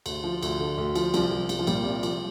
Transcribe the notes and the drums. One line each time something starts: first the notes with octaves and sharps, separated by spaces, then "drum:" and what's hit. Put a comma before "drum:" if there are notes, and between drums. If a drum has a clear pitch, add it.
D2, drum: cymbal
F3
D2, drum: cymbal
D3
D2
F3, drum: cymbal
C2 F3, drum: cymbal
F3
C2, drum: cymbal
F3
A#2 G3, drum: cymbal
C2
F3, drum: cymbal